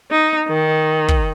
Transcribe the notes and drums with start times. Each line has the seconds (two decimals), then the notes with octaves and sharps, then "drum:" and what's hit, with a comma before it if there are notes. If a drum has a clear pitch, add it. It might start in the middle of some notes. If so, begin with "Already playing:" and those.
0.11 D#4
0.48 D#3
1.08 drum: kick